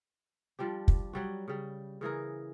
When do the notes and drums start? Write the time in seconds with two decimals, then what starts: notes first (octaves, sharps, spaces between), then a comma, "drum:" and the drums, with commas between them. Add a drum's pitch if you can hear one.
0.59 F3 G3 D4 G4
0.88 drum: kick
1.13 F#3 G3 F#4
1.48 C#3 G3
2.01 C#3 E3 G#4 A#4